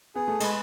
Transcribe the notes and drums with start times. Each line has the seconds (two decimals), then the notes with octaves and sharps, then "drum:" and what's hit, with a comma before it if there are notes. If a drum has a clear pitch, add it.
0.15 B3 G#4
0.28 A3
0.40 G#3 B4, drum: cymbal